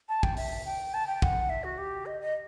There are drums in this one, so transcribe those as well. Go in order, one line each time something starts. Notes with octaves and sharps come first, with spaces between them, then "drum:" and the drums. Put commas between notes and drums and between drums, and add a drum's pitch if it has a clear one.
A5
G5, drum: kick
E5, drum: open hi-hat
G5
A5
G5
F#5, drum: kick
E5
F#4
G4
D#5
D#5